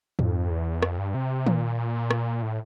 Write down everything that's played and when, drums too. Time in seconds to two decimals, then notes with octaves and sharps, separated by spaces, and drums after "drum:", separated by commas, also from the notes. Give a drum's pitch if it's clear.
0.19 F2, drum: tom G#2
0.50 E2
0.82 F2, drum: rim click
0.98 G2
1.15 C3
1.47 A#2, drum: tom D#3
2.11 drum: rim click
2.42 A2